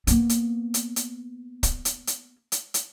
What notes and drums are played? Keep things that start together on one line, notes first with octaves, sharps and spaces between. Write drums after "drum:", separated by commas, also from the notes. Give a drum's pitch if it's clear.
A#3 B3, drum: hi-hat
drum: hi-hat
drum: hi-hat
drum: hi-hat
drum: kick, hi-hat
drum: hi-hat
drum: hi-hat
drum: hi-hat
drum: hi-hat